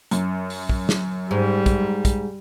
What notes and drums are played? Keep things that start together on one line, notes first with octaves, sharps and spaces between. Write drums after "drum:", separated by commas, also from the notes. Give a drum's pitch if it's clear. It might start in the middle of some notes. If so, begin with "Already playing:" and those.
F#2, drum: hi-hat
drum: open hi-hat
drum: kick
drum: snare
G#2 G3
drum: kick, hi-hat
drum: kick, hi-hat